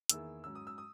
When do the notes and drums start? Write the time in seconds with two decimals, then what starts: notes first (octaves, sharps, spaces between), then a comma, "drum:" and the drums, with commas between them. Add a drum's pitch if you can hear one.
0.09 E2 D#3 A#3 E4 G#4 E6, drum: hi-hat
0.44 G#2 F#3 C#4 E6
0.55 D#6
0.67 E6
0.78 D#6